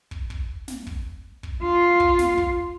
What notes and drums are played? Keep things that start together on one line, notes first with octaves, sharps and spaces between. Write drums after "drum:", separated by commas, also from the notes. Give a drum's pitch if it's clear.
drum: kick
drum: kick
drum: snare
drum: kick
drum: kick
F4
drum: kick
drum: snare
drum: kick